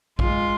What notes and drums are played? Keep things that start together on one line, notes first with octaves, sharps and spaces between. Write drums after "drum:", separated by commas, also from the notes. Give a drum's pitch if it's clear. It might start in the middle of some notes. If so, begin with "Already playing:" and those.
G#3 F4, drum: kick A#1